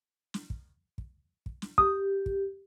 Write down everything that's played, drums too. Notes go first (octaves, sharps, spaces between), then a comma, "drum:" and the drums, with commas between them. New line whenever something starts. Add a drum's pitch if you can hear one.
drum: snare
drum: kick
drum: kick
drum: kick
drum: snare
G4 D#6, drum: kick
drum: kick